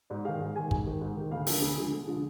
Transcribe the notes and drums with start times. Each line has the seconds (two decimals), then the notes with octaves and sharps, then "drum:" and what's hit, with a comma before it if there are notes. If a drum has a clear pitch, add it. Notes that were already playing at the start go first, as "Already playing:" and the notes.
0.10 G#2 D5
0.25 D#3 G#3 F5
0.40 G#2 F5
0.56 D#3 G#3 G#5
0.71 G#2, drum: kick
0.86 D#3 G#3
1.01 G#2
1.16 D#3 G#3
1.31 D2 F5
1.47 D3 F3 G#3 A#4, drum: open hi-hat
1.62 D2 G#4
1.78 D3 F3 G#3
1.92 D2
2.07 D3 F3 G#3